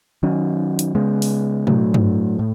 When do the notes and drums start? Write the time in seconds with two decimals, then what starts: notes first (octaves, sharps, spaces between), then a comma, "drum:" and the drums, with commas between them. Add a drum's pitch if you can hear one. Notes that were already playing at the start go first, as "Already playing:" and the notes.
0.23 D#3 F#3 C#4
0.79 drum: hi-hat
0.95 C#3 G#3 B3
1.22 drum: open hi-hat
1.67 A2 F#3 A3, drum: tom B2
1.94 drum: tom G2
2.39 A2